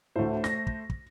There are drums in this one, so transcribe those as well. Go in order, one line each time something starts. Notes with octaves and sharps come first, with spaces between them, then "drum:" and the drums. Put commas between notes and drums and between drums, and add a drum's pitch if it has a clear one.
D2 A2 A3 C5
A#6, drum: snare
drum: kick
drum: kick